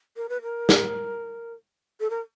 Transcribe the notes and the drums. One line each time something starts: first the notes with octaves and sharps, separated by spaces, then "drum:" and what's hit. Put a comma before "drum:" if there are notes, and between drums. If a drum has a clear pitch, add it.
A#4
B4
A#4
drum: snare
A4
A#4